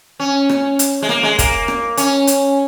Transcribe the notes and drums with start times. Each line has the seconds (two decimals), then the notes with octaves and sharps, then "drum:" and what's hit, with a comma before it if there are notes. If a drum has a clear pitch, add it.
0.20 C#4
0.49 drum: rim click
0.79 drum: hi-hat
1.02 G#3
1.09 A#3, drum: rim click
1.23 G#3
1.39 A#3, drum: kick, hi-hat
1.68 drum: rim click
1.97 C#4, drum: hi-hat
2.27 drum: hi-hat